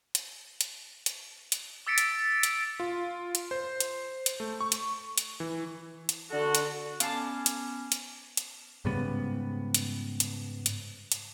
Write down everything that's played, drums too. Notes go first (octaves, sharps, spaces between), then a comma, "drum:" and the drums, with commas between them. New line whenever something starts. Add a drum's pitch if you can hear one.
drum: hi-hat
drum: hi-hat
drum: hi-hat
drum: hi-hat
D6 E6 A6 B6 C#7 D7
drum: hi-hat
drum: hi-hat
F4
drum: hi-hat
C5
drum: hi-hat
drum: hi-hat
A3
C#6
drum: hi-hat
drum: hi-hat
E3
drum: hi-hat
D3 F#4 A4
drum: hi-hat
B3 C#4 F5 A5 D6, drum: hi-hat
drum: hi-hat
drum: hi-hat
drum: hi-hat
G#2 C#3 G3 B3
drum: hi-hat
drum: hi-hat
drum: hi-hat
drum: hi-hat